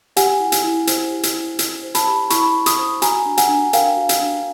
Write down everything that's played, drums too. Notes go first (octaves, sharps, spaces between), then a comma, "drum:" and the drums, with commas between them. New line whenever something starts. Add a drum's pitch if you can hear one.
G4 F#5 G#5, drum: hi-hat
E4
drum: hi-hat
E4
C5, drum: hi-hat
G4
drum: hi-hat
E4
E4, drum: hi-hat
C5
A5 B5, drum: hi-hat
G4
E4 B5 C#6, drum: hi-hat
E4
C#6 D#6, drum: hi-hat
C5
F#4 G#5 A#5, drum: hi-hat
D4
F#5 G#5, drum: hi-hat
D4
A#4 F5 G5, drum: hi-hat
F#4
drum: hi-hat
D4